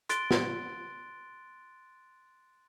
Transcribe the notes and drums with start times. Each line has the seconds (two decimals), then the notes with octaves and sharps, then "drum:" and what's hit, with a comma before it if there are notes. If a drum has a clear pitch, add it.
0.09 C6 F#6 A6 D7 G7, drum: hi-hat
0.31 drum: snare